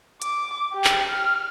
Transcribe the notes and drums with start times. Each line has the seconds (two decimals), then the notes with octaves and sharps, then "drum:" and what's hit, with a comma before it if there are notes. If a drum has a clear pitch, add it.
0.22 D6, drum: hi-hat
0.73 G4
0.84 drum: clap
1.10 F6